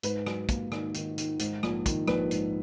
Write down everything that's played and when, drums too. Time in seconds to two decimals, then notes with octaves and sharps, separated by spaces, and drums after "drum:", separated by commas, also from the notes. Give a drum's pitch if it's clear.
0.03 G#2 B4, drum: hi-hat
0.26 F#3, drum: rim click
0.49 A#3, drum: kick, hi-hat
0.72 D#3, drum: rim click
0.94 D#3, drum: hi-hat
1.18 D#3, drum: hi-hat
1.39 G#2, drum: hi-hat
1.63 A#1, drum: rim click
1.86 D#3, drum: kick, hi-hat
2.08 A#1 B4, drum: rim click
2.31 G#2, drum: hi-hat